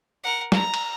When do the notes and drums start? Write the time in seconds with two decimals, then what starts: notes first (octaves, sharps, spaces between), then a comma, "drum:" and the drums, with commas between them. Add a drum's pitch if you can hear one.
0.24 A#4 F#5
0.52 A#5, drum: snare
0.74 drum: cymbal